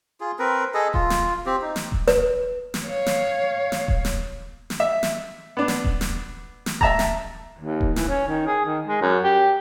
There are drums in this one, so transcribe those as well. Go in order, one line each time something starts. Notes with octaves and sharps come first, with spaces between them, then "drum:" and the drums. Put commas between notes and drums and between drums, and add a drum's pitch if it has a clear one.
F4 G#4
C4 A#4 B4
G#4 A4 D#5
F4, drum: kick D#1
drum: snare
C4 G4
D#4
drum: snare
drum: kick D#1
B4, drum: snare
drum: snare
C#5 F5
drum: snare
drum: snare
drum: kick D#1
drum: snare
drum: snare
E5
drum: snare
B3 D4
drum: snare
drum: kick D#1
drum: snare
drum: snare
E5 A5 A#5, drum: kick D#1
drum: snare
D#2
drum: kick D#1
E3, drum: snare
C#4
D#3
G#4
D#3
G#3
F#2
G4